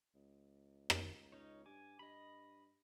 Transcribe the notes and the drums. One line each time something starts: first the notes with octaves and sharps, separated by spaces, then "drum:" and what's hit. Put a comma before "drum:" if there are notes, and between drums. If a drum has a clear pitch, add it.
C#2
drum: rim click
C#4 D#4 C#5
G2 G#5 D6
G2 D#5 B5